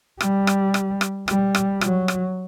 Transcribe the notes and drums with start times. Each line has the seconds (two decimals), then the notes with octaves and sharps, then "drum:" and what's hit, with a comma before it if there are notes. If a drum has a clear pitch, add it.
0.21 G3, drum: rim click
0.47 drum: rim click
0.74 drum: rim click
1.01 drum: rim click
1.28 G3, drum: rim click
1.55 drum: rim click
1.81 F#3, drum: rim click
2.08 drum: rim click